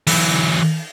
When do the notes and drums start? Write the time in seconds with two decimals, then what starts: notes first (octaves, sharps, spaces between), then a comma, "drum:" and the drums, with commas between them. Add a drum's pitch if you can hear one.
0.07 E3 F#3, drum: open hi-hat